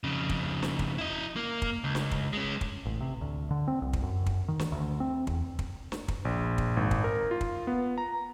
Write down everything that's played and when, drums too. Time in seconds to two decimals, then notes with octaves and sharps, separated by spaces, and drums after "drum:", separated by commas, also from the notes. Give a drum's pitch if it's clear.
0.04 F2 C#3
0.29 drum: kick
0.63 drum: snare
0.79 drum: kick
0.98 E4 D#5
1.36 A#3
1.62 drum: kick
1.84 C#2
1.95 drum: snare
2.11 drum: kick
2.33 G#3 C#4
2.61 drum: kick
2.85 A1
3.01 C3
3.21 D2
3.51 D3
3.68 C4
3.82 C2
3.93 drum: kick
4.02 F#2
4.26 drum: kick
4.48 D#3
4.59 drum: snare
4.72 D2
5.00 C4
5.27 E2, drum: kick
5.59 drum: kick
5.92 drum: snare
6.08 drum: kick
6.25 A#1
6.58 drum: kick
6.77 G#1
6.91 drum: kick
7.04 A#4
7.31 F4
7.41 drum: kick
7.67 B3
7.98 A#5